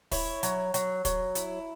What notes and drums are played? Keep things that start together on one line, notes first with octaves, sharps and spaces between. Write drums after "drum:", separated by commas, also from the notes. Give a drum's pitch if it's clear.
E4 C#5, drum: kick, open hi-hat
F#3, drum: hi-hat
F#3, drum: hi-hat
F#3, drum: kick, hi-hat
E4, drum: hi-hat